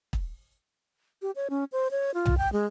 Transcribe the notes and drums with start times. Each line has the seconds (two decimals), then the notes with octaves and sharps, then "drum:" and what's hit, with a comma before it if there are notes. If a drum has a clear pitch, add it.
0.13 drum: kick
1.22 G4
1.36 C#5
1.50 C#4
1.72 C5
1.91 C#5
2.14 F4
2.26 drum: tom
2.38 G5
2.53 G#3